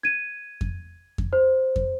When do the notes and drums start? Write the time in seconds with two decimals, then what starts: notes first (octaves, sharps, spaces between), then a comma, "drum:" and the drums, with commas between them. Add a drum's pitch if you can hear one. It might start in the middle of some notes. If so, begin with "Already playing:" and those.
0.03 G#6 D#7
0.61 drum: kick F2
1.18 drum: kick F2
1.33 C5
1.76 drum: kick F2